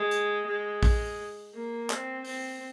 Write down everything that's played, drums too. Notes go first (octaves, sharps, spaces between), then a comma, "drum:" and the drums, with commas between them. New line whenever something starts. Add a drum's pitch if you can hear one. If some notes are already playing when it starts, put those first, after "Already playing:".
Already playing: G#3
drum: hi-hat
G#3
drum: kick, open hi-hat
A#3
C4, drum: clap
C4, drum: open hi-hat